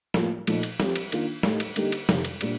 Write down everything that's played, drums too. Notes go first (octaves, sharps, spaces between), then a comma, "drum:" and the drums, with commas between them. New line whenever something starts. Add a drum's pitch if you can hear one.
A2 F3 A#3 F4, drum: snare
A#2 F3 A3 D#4, drum: cymbal
drum: cymbal
F3 C4 G4, drum: snare
drum: cymbal
D#3 A#3 D4 F4, drum: cymbal
A2 A3 D#4 G4, drum: snare
drum: cymbal
D3 G3 A#3 D#4 G4, drum: cymbal
drum: cymbal
F2 C3 D#3, drum: snare
drum: cymbal
A#2 G3 D4, drum: cymbal